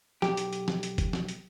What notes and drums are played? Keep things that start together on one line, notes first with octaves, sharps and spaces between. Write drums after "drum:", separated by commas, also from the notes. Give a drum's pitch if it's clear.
B1 G4, drum: snare
drum: hi-hat
drum: hi-hat
drum: snare
drum: hi-hat
drum: kick, hi-hat
drum: snare
drum: hi-hat